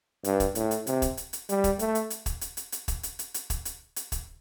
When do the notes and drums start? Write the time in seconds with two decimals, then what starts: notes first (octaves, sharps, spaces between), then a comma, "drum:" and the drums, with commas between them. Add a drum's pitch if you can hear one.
0.24 G2, drum: hi-hat
0.40 drum: kick, hi-hat
0.55 A2, drum: hi-hat
0.71 drum: hi-hat
0.87 C3, drum: hi-hat
1.02 drum: kick, hi-hat
1.17 drum: hi-hat
1.33 drum: hi-hat
1.49 G3, drum: hi-hat
1.64 drum: kick, hi-hat
1.79 A3, drum: hi-hat
1.95 drum: hi-hat
2.10 drum: hi-hat
2.26 drum: kick, hi-hat
2.41 drum: hi-hat
2.57 drum: hi-hat
2.72 drum: hi-hat
2.88 drum: kick, hi-hat
3.03 drum: hi-hat
3.19 drum: hi-hat
3.34 drum: hi-hat
3.50 drum: kick, hi-hat
3.65 drum: hi-hat
3.96 drum: hi-hat
4.12 drum: kick, hi-hat